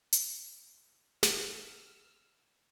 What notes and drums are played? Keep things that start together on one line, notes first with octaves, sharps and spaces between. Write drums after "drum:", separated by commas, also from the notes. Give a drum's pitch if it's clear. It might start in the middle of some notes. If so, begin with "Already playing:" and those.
drum: hi-hat
F#5 E6 F6, drum: snare